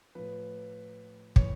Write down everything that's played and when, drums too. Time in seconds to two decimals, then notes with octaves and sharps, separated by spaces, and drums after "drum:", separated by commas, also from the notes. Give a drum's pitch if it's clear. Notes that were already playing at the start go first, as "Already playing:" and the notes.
0.15 A2 F3 B4
1.36 A2 E3 C#5, drum: kick